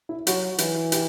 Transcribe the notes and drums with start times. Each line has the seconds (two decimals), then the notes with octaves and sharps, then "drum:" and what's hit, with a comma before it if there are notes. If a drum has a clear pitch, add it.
0.09 E4
0.27 F#3 F#4, drum: hi-hat
0.58 E3, drum: hi-hat
0.92 G4, drum: hi-hat